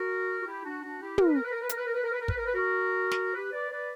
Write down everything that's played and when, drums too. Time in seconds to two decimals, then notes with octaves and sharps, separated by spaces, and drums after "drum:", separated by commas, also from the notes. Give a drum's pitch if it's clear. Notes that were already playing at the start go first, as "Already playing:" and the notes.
Already playing: F#4 A#4
0.40 F#4
0.45 E4 G4
0.64 D4 F#4
0.82 D4 F#4
1.00 E4 G4
1.18 A#4, drum: tom
1.27 B4
1.35 A#4
1.44 B4
1.51 A#4
1.61 B4
1.69 A#4, drum: hi-hat
1.77 B4
1.86 A#4
1.94 B4
2.03 A#4
2.11 B4
2.20 A#4
2.28 B4, drum: kick
2.37 A#4
2.46 B4
2.54 F#4 A#4
3.11 drum: snare
3.34 G4 B4
3.52 B4 D5
3.70 B4 D5